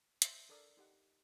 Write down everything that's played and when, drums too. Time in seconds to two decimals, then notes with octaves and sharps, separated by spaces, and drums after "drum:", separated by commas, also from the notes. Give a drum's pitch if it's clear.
0.22 C5 E5, drum: hi-hat
0.49 D4 A4 A#4 D5 D#6
0.77 D#4 G4 F#5